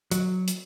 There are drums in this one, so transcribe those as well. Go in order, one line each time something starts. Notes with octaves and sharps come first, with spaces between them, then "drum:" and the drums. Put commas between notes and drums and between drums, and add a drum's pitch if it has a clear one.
F#3, drum: hi-hat
drum: hi-hat